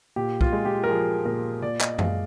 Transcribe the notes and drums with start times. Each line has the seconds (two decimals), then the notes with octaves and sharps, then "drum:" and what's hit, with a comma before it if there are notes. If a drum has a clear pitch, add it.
0.16 A#2 G4
0.41 F4, drum: kick
0.53 G#3
0.65 G4
0.84 A#4
0.89 F3 G#4
1.26 A#2 A#4
1.62 A#2 D5
1.81 D#5, drum: clap
1.99 G#3 F5, drum: tom F#2